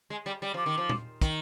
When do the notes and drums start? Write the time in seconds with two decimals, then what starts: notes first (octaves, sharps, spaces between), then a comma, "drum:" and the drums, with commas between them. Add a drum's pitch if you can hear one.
0.10 G#3
0.26 G3
0.42 G3
0.54 F3 D6
0.66 D#3
0.78 F3
0.89 drum: tom A#2
1.21 D#3, drum: kick, hi-hat